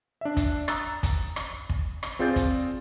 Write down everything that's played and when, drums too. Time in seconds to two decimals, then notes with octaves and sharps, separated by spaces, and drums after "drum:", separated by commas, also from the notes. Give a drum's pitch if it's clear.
0.21 D4 E5
0.37 drum: kick, hi-hat
0.68 A#5 D#6 E6 F#6 A6, drum: rim click
1.03 drum: kick, hi-hat
1.36 drum: rim click
1.69 drum: kick
2.03 drum: rim click
2.19 C4 F4 G#4 D5 G6 A6
2.36 drum: kick, hi-hat